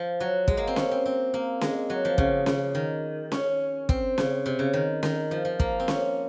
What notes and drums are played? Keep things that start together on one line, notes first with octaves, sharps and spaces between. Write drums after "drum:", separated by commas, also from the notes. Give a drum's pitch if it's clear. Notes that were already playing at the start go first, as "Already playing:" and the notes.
Already playing: F3
F#3
G#3, drum: kick
A#3
C4
C#4, drum: snare C#4
C4
C4
A#3
G#3, drum: snare C#4
F#3
F3
C#3, drum: kick
C#3, drum: snare C#4
D#3
C#4, drum: snare C#4
C4, drum: kick
C#3, drum: snare C#4
C3
C#3
D#3
D#3, drum: snare C#4
F3
F3
A#3, drum: kick
C4
C#4, drum: snare C#4